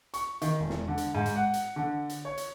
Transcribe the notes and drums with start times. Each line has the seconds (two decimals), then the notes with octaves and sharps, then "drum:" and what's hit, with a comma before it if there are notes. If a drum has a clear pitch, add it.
0.14 C#6, drum: hi-hat
0.42 D#3, drum: hi-hat
0.60 E1
0.70 drum: snare
0.88 D3
0.98 drum: hi-hat
1.15 G#2
1.26 drum: hi-hat
1.36 F#5
1.54 drum: hi-hat
1.76 D3
2.10 drum: hi-hat
2.25 C#5
2.38 drum: hi-hat